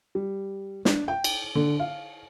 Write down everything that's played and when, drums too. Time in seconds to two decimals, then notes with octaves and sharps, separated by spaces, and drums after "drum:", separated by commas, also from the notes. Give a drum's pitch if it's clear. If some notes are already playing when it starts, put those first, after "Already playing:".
0.15 G3
0.85 D4, drum: snare
1.08 G5
1.24 drum: cymbal
1.55 D3
1.79 F5